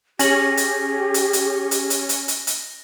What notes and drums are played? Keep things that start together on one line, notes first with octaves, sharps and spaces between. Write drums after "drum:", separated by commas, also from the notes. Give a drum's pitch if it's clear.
C#4 G4 G#4 A#6 F#7, drum: hi-hat
drum: hi-hat
drum: hi-hat
drum: hi-hat
drum: hi-hat
drum: hi-hat
drum: hi-hat
drum: hi-hat
drum: hi-hat